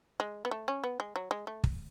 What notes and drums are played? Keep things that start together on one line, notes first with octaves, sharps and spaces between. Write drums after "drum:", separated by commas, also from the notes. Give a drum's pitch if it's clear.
G#3
B3
A3
C#4
B3
G#3
F#3
G#3
A3
drum: kick